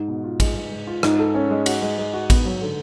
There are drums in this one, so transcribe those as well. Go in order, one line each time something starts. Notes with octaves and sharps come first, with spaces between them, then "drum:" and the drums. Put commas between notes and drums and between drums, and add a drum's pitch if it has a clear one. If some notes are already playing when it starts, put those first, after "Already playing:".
Already playing: G#2
B2
F4
G#3, drum: kick A1, cymbal
G#3
G#3
F4
G#2 G#3, drum: rim click
A4
C#4
G#3
F#4, drum: cymbal
G#3
G#3
F#4
B3, drum: kick A1, cymbal
F#3
D3